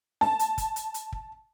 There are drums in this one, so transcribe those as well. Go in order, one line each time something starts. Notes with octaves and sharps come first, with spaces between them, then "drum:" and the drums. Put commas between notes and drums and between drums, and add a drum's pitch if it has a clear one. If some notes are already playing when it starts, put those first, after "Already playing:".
A5, drum: snare D4
drum: hi-hat
drum: kick, hi-hat
drum: hi-hat
drum: hi-hat
drum: kick